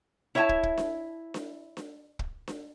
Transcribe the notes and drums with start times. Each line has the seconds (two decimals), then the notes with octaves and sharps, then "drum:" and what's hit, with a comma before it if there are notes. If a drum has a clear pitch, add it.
0.35 E4 C#5 E5 G5 A5
0.49 drum: kick
0.63 drum: kick
0.78 drum: snare D4
1.34 drum: snare D4
1.77 drum: snare D4
2.19 drum: kick
2.48 drum: snare D4